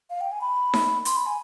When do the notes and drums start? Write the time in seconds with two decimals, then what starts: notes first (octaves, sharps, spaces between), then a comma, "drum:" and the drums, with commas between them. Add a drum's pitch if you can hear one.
0.10 F5
0.21 G5
0.32 G#5
0.41 B5
0.74 drum: snare D#4
1.05 C6, drum: hi-hat
1.16 B5
1.26 G#5